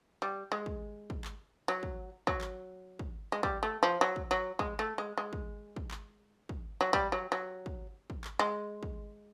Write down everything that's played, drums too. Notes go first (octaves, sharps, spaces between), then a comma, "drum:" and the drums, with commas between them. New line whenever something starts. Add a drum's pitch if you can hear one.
G3
G#3
drum: kick
drum: kick
drum: clap
F#3
drum: kick
F#3, drum: kick
drum: clap
drum: kick
G#3
G3, drum: kick
A3
F3
F#3
drum: kick
F#3
G#3, drum: kick
A3
G#3
G#3
drum: kick
drum: kick
drum: clap
drum: kick
F#3
G3, drum: kick
F#3
F#3
drum: kick
drum: kick
drum: clap
G#3
drum: kick